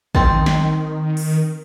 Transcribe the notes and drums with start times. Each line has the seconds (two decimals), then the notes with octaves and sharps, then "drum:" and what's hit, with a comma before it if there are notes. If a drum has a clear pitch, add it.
0.15 D#3 C4 A5, drum: kick
0.46 drum: snare
1.17 drum: open hi-hat